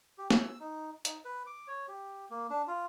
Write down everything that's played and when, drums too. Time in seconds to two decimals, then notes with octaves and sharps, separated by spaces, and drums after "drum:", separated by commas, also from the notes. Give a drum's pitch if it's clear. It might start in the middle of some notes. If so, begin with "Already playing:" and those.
0.18 G4
0.31 E6, drum: snare
0.60 D#4
1.05 D#4, drum: hi-hat
1.25 B4
1.47 D6
1.68 C#5
1.88 G4
2.30 A#3
2.50 D4
2.68 F4